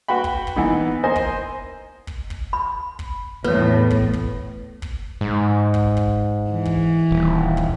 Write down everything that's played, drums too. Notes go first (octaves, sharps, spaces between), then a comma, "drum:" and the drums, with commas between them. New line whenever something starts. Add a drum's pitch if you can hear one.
F#4 B4 G5 B5
drum: kick
drum: kick
E3 B3 D#4
A#4 C5 D#5 G#5
drum: kick
drum: kick
drum: kick
B5
drum: kick
E2 A2 B3 B4 C#5
drum: kick
drum: kick
drum: kick
G#2
drum: kick
drum: kick
E3
drum: kick
D#1
drum: kick